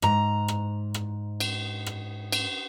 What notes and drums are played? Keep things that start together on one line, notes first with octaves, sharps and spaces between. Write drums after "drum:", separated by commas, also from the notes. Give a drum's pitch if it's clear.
G#2 A#5, drum: rim click
drum: rim click
drum: rim click
drum: cymbal
drum: rim click
drum: cymbal